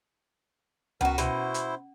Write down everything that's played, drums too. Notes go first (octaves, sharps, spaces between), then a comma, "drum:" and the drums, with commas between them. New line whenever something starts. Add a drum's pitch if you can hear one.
B3 C#4 F#4 A#4 F#5, drum: tom C#2
B2 E4 C5, drum: hi-hat
drum: hi-hat